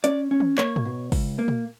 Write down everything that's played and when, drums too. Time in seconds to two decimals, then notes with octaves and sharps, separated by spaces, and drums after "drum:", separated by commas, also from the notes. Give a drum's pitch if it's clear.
0.04 C#4 D5, drum: hi-hat
0.31 C#4
0.40 drum: tom D#3
0.58 A#3 C#5, drum: clap
0.76 drum: tom
0.85 B2
1.12 C#2, drum: kick, open hi-hat
1.39 A#3
1.48 drum: tom A#2